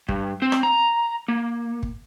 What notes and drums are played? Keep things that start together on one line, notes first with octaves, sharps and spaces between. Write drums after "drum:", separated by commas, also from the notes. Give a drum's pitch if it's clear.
G2, drum: kick
C4
drum: rim click
A#5
A#3
drum: kick